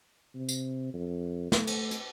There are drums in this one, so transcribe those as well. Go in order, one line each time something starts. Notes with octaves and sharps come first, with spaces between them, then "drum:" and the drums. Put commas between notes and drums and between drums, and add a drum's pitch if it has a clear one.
C3
drum: tambourine
F2
A3, drum: snare
drum: cymbal
drum: hi-hat